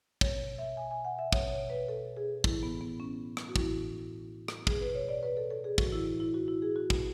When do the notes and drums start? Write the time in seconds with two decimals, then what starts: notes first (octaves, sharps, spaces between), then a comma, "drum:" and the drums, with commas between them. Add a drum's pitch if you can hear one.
0.21 B2 C#5, drum: kick
0.58 E5
0.77 G#5
0.91 G#5
1.05 F#5
1.19 E5
1.32 B2 C#5, drum: kick
1.51 C#5
1.70 B4
1.88 A4
2.17 G#4
2.44 A2 E3 E4, drum: kick
2.63 B3
2.81 B3
3.00 C#4
3.37 drum: rim click
3.49 F#4
3.56 A2 E3 E4, drum: kick
4.48 drum: rim click
4.67 B2 G#4, drum: kick
4.81 B4
4.95 C#5
5.09 D5
5.23 B4
5.37 A4
5.51 A4
5.64 G#4
5.78 A2 E3 F#4, drum: kick
5.92 E4
6.06 E4
6.20 E4
6.34 F#4
6.48 E4
6.62 G#4
6.76 F#4
6.90 B2, drum: kick